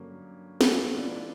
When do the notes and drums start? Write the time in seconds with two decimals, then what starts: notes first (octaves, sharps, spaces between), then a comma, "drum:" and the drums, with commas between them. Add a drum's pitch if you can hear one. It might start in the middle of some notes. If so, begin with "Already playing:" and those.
Already playing: G2 D3 F#3 A#3 C#4
0.61 drum: snare
0.93 E3 G#3 B3 D4 F4